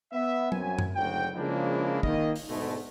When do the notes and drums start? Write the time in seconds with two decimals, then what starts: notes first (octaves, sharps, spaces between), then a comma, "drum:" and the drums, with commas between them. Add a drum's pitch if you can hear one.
0.13 B3 E5
0.52 F#2 F#3 C4 G#5, drum: tom
0.79 drum: tom F#2
0.96 F#1 D2 F#3 F#4 G5
1.36 C#3 F3 G#3 A#3 D4 E4
2.03 D#3 A#3 D#5, drum: kick
2.36 drum: open hi-hat
2.49 G#2 B2 D3 G#3 A3